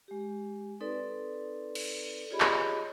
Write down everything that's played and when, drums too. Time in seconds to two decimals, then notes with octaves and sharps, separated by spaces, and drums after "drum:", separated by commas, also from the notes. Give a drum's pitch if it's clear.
0.08 G#3 G4
0.80 C4 D#4 A4 B4 D5
1.75 drum: cymbal
2.31 F4 G4 G#4 C#5 D#5 B5
2.40 drum: clap